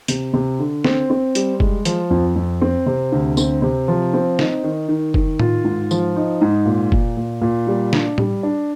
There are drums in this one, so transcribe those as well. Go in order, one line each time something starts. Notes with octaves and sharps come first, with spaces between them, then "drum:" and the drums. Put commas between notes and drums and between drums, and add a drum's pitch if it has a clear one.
C3, drum: hi-hat
C3
D3
C4, drum: snare
C4
G3, drum: hi-hat
G#3, drum: kick
F3, drum: hi-hat
F2
F2
C4
C3
D2
C4, drum: tambourine
C3
F3
C4
D#4, drum: snare
D#3
D#3
D#3, drum: kick
F4, drum: tom A2
G#2
F3, drum: tambourine
D#4
G#2
A#2
A#2, drum: kick
A#2
A#2
G3
D4, drum: snare
G3, drum: tom A2
D4